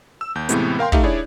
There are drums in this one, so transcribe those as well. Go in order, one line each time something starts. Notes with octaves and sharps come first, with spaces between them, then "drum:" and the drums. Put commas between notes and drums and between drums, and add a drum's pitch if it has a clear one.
E6
D#2 G6
A2 C3 E3 G#3 B3, drum: hi-hat
A#4 F5 G5 C6
A3 D#4 G4 E5 F5, drum: kick
D4 E4 G#4 C#5 D5